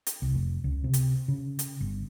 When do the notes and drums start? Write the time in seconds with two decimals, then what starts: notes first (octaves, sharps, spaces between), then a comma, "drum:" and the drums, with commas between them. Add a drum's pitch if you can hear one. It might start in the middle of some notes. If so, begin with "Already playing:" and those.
0.07 drum: hi-hat
0.22 C2
0.34 F1
0.64 C#2
0.84 C3
0.93 drum: hi-hat
1.28 C#3
1.59 drum: hi-hat
1.80 G1